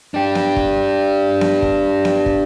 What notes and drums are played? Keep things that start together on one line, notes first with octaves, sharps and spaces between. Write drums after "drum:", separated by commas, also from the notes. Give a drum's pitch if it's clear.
D4 G4
drum: snare B3
drum: kick
drum: snare B3
drum: kick
drum: snare B3
drum: kick